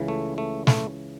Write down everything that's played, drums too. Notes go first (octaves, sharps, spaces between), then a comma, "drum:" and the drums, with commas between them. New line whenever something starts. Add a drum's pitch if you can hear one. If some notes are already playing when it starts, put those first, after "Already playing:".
Already playing: C#2 C#3 E3
A3
A3
A3, drum: snare